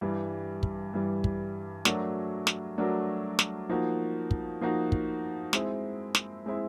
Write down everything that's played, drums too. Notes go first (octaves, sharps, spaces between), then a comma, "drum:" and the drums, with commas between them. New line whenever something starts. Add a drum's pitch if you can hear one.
G2 E3 G3
drum: kick
G2 E3 G3
drum: kick
F#3 A3 D4 F#4 A#4, drum: snare
drum: snare
F#3 A3 D4 F#4 A#4
drum: snare
F3 A#3 D#4 F#4
drum: kick
F3 A#3 D#4 F#4
drum: kick
G#3 C4 E4, drum: snare
drum: snare
G#3 C4 E4